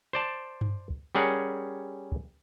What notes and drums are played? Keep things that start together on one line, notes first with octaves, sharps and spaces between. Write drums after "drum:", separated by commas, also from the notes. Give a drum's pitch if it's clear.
C5 D5 A5
drum: tom G2
drum: kick
G3 C#4 G#4 A#4 F#5
drum: kick